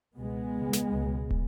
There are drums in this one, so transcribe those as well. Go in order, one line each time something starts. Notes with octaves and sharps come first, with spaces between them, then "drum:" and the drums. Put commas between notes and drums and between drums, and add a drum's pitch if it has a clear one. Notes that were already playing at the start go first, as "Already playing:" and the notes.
C#2 B2 G#3 B3
E2
C#3
drum: snare
C#2 B2
drum: kick